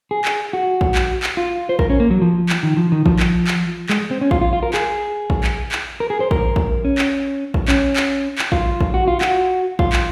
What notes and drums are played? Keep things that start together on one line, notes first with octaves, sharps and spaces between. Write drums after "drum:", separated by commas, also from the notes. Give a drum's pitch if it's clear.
G#4
drum: clap
F#4
drum: kick A#1
drum: clap
drum: clap
F4
C5
A#4, drum: kick A#1
C#4
A#3
F#3
F3
drum: clap
D#3
F3
D#3
F3, drum: kick A#1
drum: clap
drum: clap
G#3, drum: clap
C4
C#4
F4, drum: kick A#1
F4
F4
A#4
G#4, drum: clap
drum: kick A#1
drum: clap
drum: clap
A#4
G#4
C5
A#4, drum: kick A#1
drum: kick A#1
C#4
drum: clap
drum: kick A#1
C#4, drum: clap
drum: clap
drum: clap
F4, drum: kick A#1
drum: kick A#1
F#4
F4
F#4, drum: clap
F4, drum: kick A#1
drum: clap